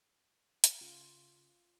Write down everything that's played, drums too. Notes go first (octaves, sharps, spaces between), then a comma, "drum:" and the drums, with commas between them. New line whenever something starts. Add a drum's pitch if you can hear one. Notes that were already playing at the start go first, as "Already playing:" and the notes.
drum: hi-hat
C#3 F4